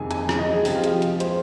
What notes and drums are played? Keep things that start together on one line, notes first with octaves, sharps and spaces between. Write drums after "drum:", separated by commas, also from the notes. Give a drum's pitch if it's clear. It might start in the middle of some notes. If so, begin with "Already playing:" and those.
Already playing: F2 C3 D#3 G#3 G#5
G#5, drum: hi-hat
drum: rim click
D#5
G#4
C3 F3 G#3 G4, drum: open hi-hat
F4
G4, drum: hi-hat
G#4, drum: hi-hat
C5, drum: hi-hat